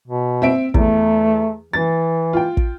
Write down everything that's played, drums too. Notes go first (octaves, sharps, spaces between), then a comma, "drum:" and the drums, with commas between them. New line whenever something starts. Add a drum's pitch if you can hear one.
B2
C4 E5 D7
E2 A3, drum: kick
E3 A6
F4 G5
drum: kick